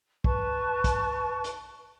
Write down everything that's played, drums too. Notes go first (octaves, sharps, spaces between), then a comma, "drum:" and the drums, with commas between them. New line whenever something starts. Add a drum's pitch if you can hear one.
B4 A5 C#6, drum: kick
drum: kick, hi-hat
drum: hi-hat